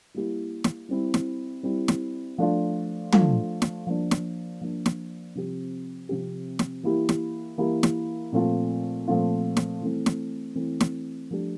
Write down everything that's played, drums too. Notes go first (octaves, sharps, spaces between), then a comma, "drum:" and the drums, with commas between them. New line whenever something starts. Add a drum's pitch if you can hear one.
G3 A#3 E4 G4
drum: snare
G3 C4 E4
drum: snare
G3 C4 E4
drum: snare
F3 A3 D4 F4
F3 A3 D4 F4, drum: tom
drum: snare
F3 A#3 D4
drum: snare
F3 A#3 D4
drum: snare
C3 F3 C4 G4
C3 F3 C4 G4
drum: snare
E3 A#3 E4 G4
drum: snare
E3 A#3 E4 G4
drum: snare
A#2 F3 A3 C4 F4
A#2 F3 A3 C4 F4
drum: snare
E3 A3 C4
drum: snare
E3 A3 C4
drum: snare
F3 A3 D4 G4